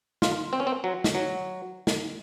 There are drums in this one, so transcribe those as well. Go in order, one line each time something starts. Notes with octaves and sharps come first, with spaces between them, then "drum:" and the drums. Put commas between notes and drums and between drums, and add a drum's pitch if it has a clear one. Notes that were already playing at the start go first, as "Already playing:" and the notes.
F4, drum: snare
C4
C#4
C4
F#3
drum: snare
F#3
drum: snare